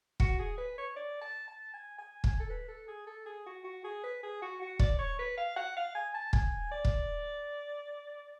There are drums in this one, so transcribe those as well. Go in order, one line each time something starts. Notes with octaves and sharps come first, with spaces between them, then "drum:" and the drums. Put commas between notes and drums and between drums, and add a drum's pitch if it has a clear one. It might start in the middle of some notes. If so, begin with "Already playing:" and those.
F#4, drum: kick
G#4
B4
C#5
D5
A5
A5
G#5
G#5
G#5, drum: kick
A4
B4
A4
G#4
A4
G#4
F#4
F#4
G#4
B4
G#4
F#4
F#4
D5, drum: kick
C#5
B4
F5
F#5
F5
G#5
A5
G#5, drum: kick
D5
drum: kick